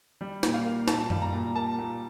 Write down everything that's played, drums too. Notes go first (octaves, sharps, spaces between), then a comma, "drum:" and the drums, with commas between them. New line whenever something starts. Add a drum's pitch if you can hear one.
G3
A#2, drum: snare
F5
A#3
A#2 A5, drum: snare
G3, drum: tom F#2
A#5
A#2
A#3 A5
A#2